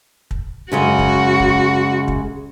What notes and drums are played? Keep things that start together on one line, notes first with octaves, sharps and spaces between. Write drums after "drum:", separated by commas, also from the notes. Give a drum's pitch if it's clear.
drum: kick
F#2 C#3 G#3 F#4
drum: kick
drum: kick
drum: kick